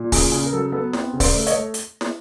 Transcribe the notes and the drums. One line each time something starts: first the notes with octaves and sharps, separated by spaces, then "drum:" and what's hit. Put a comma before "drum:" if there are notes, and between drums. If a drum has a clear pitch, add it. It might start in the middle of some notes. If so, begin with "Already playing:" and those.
Already playing: A#2
C#3 G#4, drum: kick, open hi-hat
C#3 G#4
A#4
F#3 A4
B3 A4 B4
C4, drum: snare
C#3
C5 D5, drum: kick, open hi-hat
A3
C#5 D#5, drum: hi-hat
A3
drum: hi-hat
drum: snare